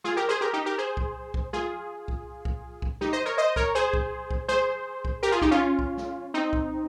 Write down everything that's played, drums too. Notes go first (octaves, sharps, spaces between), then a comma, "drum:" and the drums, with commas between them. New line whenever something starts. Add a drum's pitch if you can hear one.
F4 G#4, drum: snare
G4 A#4
G#4 C5
G4 A#4
D#4 G4
G4 A#4
G#4 C5
drum: kick C2
drum: kick C2
F4 G#4, drum: snare
drum: kick C2
drum: kick C2
drum: kick C2
D#4 G4, drum: snare
C5 D#5
A#4 C#5
C5 D#5
A#4 C#5, drum: kick C2
G#4 C5
drum: kick C2
drum: kick C2
G#4 C5, drum: snare
drum: kick C2
G4 A#4
F4 G#4
D#4 G4, drum: kick C2
C#4 F4
drum: kick C2
drum: snare
C4 D#4
drum: kick C2